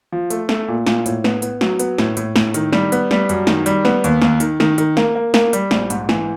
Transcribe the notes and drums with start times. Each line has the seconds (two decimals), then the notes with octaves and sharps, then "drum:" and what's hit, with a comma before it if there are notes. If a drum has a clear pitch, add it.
0.12 F3
0.30 A3, drum: hi-hat
0.49 A3, drum: snare
0.68 A#2
0.87 A#2, drum: snare
1.06 A2, drum: hi-hat
1.24 B3, drum: snare
1.42 B3, drum: hi-hat
1.61 F#3, drum: snare
1.79 B3, drum: hi-hat
1.98 A2, drum: snare
2.17 A2, drum: hi-hat
2.36 A2, drum: snare
2.54 D#3, drum: hi-hat
2.73 G3, drum: snare
2.92 B3, drum: hi-hat
3.11 G3, drum: snare
3.29 F#2, drum: hi-hat
3.47 D#3, drum: snare
3.66 G3, drum: hi-hat
3.85 B3, drum: snare
4.04 D#2, drum: hi-hat
4.22 D#2, drum: snare
4.40 D#3, drum: hi-hat
4.60 D#3, drum: snare
4.78 D#3, drum: hi-hat
4.97 A#3, drum: snare
5.15 A#3
5.34 A#3, drum: snare
5.53 G3, drum: hi-hat
5.71 A#1, drum: snare
5.90 G#2, drum: hi-hat
6.09 E3, drum: snare